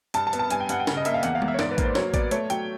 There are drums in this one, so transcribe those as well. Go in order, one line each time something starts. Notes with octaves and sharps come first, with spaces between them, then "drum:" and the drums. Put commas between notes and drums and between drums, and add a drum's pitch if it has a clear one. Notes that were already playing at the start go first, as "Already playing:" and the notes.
G2 A5, drum: hi-hat
A5
B3, drum: hi-hat
A5
G2 G#5, drum: hi-hat
G5
G2 F#5, drum: hi-hat
G5
C#3, drum: snare
D#5
A#3 E5, drum: hi-hat
F5
E2 F#5, drum: hi-hat
F5
E2, drum: tom G#3
E5
C#5
G#2 D5, drum: snare
B4
A#3, drum: kick A1, hi-hat
C5
F#3 C#5, drum: snare
B3 D5, drum: kick A1, hi-hat
A3 C#5, drum: hi-hat
F#3 G5, drum: hi-hat